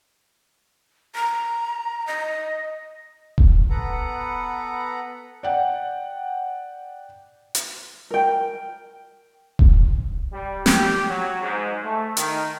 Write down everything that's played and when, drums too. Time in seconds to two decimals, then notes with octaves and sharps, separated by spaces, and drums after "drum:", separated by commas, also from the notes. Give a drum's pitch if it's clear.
1.15 A#5
2.07 D#5
3.38 drum: kick D#1
3.70 B3 A4 B4 F#5 A#5
5.43 D5 F#5 G5
7.55 drum: hi-hat
8.11 A#4 G5
9.59 drum: kick D#1
10.33 G3
10.66 G4, drum: snare
11.08 F#3
11.42 G#2
11.83 A3
12.17 D#3, drum: hi-hat